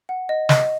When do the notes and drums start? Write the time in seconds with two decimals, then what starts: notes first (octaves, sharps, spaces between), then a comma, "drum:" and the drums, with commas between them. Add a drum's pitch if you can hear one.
0.09 F#5
0.29 D#5
0.49 D#5, drum: snare